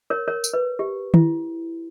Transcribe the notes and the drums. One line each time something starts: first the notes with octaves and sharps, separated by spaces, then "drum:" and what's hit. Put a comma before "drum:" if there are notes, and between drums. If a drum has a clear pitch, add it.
A#4 C#5
A#4 C#5
drum: tambourine
B4
G4
E4, drum: tom D#3